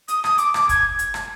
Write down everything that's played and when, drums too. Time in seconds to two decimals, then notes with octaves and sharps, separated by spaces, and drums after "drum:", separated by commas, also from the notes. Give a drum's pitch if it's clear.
0.08 D#6, drum: hi-hat
0.24 D#6, drum: rim click
0.38 D6, drum: hi-hat
0.54 D6, drum: rim click
0.69 G#6, drum: kick, hi-hat
0.99 drum: hi-hat
1.14 drum: rim click